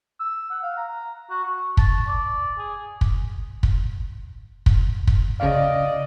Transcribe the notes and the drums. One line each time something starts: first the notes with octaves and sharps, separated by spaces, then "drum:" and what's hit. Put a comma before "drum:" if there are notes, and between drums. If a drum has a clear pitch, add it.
E6
F#5
F5
A#5
F#4
C#6
A5, drum: kick
D5
G#4
drum: kick
drum: kick
drum: kick
drum: kick
C#3 D5 D#5 F5